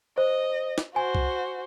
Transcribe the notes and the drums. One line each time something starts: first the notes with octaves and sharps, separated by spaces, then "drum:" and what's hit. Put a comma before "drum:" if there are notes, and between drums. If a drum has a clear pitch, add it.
C5 D#5
drum: snare
F#4 C5 G#5
drum: kick